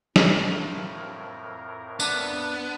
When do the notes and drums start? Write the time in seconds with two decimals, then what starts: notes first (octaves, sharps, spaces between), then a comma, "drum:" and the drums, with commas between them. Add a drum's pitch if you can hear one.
0.16 F2 A2 A#4, drum: snare
2.00 B3 D4, drum: tambourine